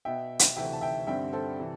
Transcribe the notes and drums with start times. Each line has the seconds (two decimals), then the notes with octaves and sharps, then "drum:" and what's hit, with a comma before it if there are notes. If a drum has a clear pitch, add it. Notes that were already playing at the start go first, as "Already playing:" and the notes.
0.05 B2 B3 E5 G5
0.39 drum: hi-hat
0.56 D2 C3 E3 A3 E5 G5
0.73 A5
0.81 E5 G5
1.07 G2 D3 G3 C4 E5 G5
1.33 A4 C5
1.60 C3 E3